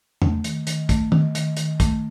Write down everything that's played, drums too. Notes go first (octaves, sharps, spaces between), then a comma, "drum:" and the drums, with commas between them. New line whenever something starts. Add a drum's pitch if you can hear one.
A3, drum: tom
D#3, drum: hi-hat
D#3, drum: hi-hat
A3, drum: kick, hi-hat
D#3, drum: tom D#3
D#3, drum: hi-hat
D#3, drum: hi-hat
A3, drum: kick, hi-hat